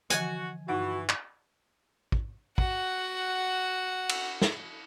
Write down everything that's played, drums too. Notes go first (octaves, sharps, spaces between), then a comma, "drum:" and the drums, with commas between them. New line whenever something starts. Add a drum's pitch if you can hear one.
D3 E3 F3 F#4 G#5, drum: hi-hat
G2 E3 D#4 F#4 F#5
drum: clap
drum: kick
F#4 F#5, drum: kick
drum: cymbal
drum: snare